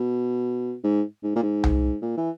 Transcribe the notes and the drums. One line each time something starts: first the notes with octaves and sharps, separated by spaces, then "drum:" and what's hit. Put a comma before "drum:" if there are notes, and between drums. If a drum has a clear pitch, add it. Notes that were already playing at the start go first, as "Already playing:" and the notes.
Already playing: B2
G#2
G#2
A#2
G#2
drum: tom C2
A#2
E3